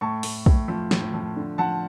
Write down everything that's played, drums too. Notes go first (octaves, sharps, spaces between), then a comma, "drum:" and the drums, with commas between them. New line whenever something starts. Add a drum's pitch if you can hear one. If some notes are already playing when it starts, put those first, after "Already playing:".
A2 A5 C#6
A2, drum: open hi-hat
A2, drum: kick
F3
A2, drum: snare
F3
D3
F3 F#5 A5